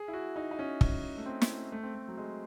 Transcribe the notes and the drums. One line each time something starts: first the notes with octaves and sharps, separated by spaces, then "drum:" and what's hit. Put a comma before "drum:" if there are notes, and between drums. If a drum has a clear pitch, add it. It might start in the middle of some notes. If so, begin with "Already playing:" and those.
Already playing: G#4
E4
F#4
D#4
D#4
C#4
C#4, drum: kick
A3
C4
drum: snare
A3
C4
A3
F#3
G#3